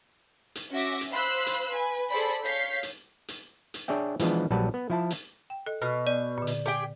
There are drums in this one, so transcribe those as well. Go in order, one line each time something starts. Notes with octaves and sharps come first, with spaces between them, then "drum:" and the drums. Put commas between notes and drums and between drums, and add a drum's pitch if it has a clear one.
drum: hi-hat
C#4 F#4 E5 D6 A#6
drum: hi-hat
C5 F5 B5 C6 E6 F#6
drum: hi-hat
B4 G#5
G#4 A4 C5 D5 B5
C#5 F5 G6 B6 C7
drum: hi-hat
drum: hi-hat
drum: hi-hat
D4 G#4 C#5 D5 E5 G5
E3 F3 G#3 B3 D4, drum: hi-hat
A#1 F#3 G3 B4 F#5 A5
B3
F3 E4 A5
drum: hi-hat
G5
A4 D#5
B2 F6
B3 D5
A#2 D3
drum: hi-hat
G4 G#4 G5